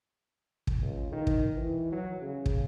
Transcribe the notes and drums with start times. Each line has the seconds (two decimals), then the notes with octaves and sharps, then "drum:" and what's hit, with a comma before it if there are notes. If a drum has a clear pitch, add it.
0.67 drum: kick
0.82 C#2
1.12 D#3
1.27 drum: kick
1.56 E3
1.92 F#3
2.22 C#3
2.46 drum: kick